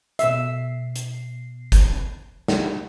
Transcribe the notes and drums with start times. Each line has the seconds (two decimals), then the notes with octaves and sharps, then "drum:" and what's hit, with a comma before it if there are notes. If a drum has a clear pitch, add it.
0.19 B2 E5 C7, drum: hi-hat
0.96 drum: hi-hat
1.72 drum: kick, hi-hat
2.48 drum: snare